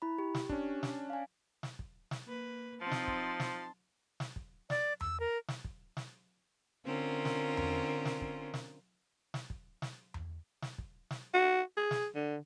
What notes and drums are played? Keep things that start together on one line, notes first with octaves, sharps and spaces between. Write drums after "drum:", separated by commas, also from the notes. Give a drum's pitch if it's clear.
E4 B5
G4
drum: snare
C#4 D4, drum: kick
drum: snare
F5 G#5
drum: snare
drum: kick
drum: snare
A#3 B4
F3 C4 D#4 A5 C6
drum: snare
drum: kick
drum: snare
drum: snare
drum: kick
D5, drum: snare
E6, drum: tom E2
A#4
drum: snare
drum: kick
drum: snare
D3 C4 C#4 F4 A#4
drum: snare
drum: tom E2
drum: snare
drum: kick
drum: snare
drum: snare
drum: kick
drum: snare
drum: tom E2
drum: snare
drum: kick
drum: snare
F#4
G#4
drum: snare
D3